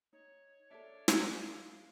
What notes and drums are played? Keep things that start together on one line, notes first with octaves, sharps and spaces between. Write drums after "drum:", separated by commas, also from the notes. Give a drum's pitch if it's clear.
D#4 C#5
D4 A4 A#4 E5
drum: snare
F5